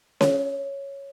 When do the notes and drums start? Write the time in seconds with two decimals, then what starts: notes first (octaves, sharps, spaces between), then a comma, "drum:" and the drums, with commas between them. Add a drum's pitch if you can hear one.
0.21 C#5, drum: snare C#4